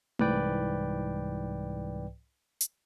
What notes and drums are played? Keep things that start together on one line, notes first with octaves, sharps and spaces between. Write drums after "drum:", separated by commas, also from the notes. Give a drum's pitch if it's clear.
C2 G#2 E3 B4 D5 G5, drum: tom A3
drum: hi-hat